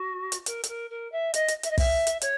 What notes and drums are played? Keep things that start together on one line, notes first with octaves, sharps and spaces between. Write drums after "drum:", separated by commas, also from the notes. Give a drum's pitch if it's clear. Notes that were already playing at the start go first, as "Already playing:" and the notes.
Already playing: F#4
drum: hi-hat
A#4, drum: hi-hat
A4, drum: hi-hat
A#4
A#4
E5
D#5, drum: hi-hat
drum: hi-hat
E5, drum: hi-hat
D#5
E5, drum: kick, open hi-hat
drum: hi-hat
C#5, drum: hi-hat